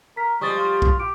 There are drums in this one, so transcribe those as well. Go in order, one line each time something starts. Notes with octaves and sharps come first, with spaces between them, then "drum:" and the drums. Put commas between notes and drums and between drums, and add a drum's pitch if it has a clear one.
A#4 B6
F3 G3 G#3 C#6 D#6 A6
F4
drum: kick B1
G4 D7